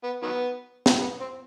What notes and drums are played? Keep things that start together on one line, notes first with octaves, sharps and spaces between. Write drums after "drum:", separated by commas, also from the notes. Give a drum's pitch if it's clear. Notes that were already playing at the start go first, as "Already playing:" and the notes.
B3
D#3 F#3 B3
drum: snare
B3
C4